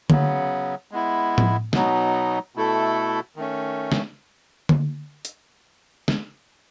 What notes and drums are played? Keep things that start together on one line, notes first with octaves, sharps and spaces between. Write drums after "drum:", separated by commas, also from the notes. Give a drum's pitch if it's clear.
C#3 F#3 B3, drum: tom D3
G#3 B3 E4
drum: tom A2
B2 F#3 B3 D#4, drum: snare
B2 A3 E4 A4
D#3 A3 C#4
drum: snare
drum: tom D3
drum: hi-hat
drum: snare